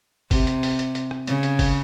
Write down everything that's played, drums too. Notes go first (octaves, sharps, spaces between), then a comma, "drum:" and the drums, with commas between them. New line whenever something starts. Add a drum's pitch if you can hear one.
C3, drum: kick, open hi-hat
drum: hi-hat
drum: open hi-hat
drum: hi-hat
drum: hi-hat
drum: rim click
C#3, drum: hi-hat
drum: hi-hat
drum: kick, open hi-hat